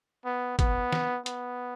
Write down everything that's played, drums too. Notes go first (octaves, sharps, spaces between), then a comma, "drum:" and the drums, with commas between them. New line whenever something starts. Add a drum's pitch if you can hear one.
B3
B3, drum: kick G#1, hi-hat
drum: snare
B3, drum: hi-hat